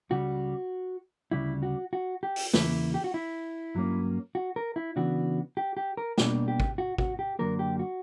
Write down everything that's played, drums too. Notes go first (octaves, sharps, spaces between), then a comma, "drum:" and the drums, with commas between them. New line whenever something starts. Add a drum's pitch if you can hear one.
C#2 C#3 G3 F#4
D2 C#3 G3 E4
F#4
F#4
G4
drum: open hi-hat
E2 C#3 E3 A#3 E4, drum: snare
G4
F#4
E4
G2 F#3 A#3 C#4
F#4
A#4
E4
C#3 E3 B3 D4 F#4
G4
G4
A#4
B2 G3 A#3 D4, drum: snare
G4
drum: kick
F#4
F#4, drum: kick
G4
F#2 D3 F#3 A#3 A#4
G4
F#4